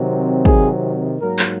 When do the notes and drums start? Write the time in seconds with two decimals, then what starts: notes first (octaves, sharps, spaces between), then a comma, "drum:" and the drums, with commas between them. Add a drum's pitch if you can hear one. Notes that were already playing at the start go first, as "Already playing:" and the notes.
Already playing: C3 D#3 F#3 C4
0.45 G#4, drum: kick
1.20 G#2 F#3 A#3 A#4
1.39 drum: clap